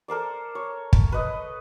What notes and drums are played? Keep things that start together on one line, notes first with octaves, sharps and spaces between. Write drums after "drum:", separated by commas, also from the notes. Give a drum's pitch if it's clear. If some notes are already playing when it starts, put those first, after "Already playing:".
A4 A#4 C5 D5
C#5
drum: kick
B4 D#5